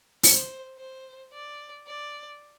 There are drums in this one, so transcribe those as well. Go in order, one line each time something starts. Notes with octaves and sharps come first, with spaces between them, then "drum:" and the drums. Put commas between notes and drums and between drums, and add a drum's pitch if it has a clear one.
C5, drum: open hi-hat
C5
D5
D5